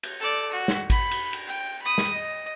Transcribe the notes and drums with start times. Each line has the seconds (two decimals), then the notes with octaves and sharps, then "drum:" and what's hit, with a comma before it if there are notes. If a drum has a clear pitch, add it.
0.03 drum: cymbal
0.20 A4 D5
0.52 F#4
0.68 drum: snare
0.90 B5, drum: kick G#1, cymbal
1.11 drum: cymbal
1.33 drum: cymbal
1.47 G5
1.82 B5 D#6
1.98 drum: snare
2.13 D#5